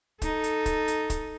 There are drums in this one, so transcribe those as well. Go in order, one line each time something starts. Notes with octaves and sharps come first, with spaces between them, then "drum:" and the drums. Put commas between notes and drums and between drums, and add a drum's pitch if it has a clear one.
D#4 A4, drum: kick, hi-hat
drum: hi-hat
drum: kick, hi-hat
drum: hi-hat
drum: kick, hi-hat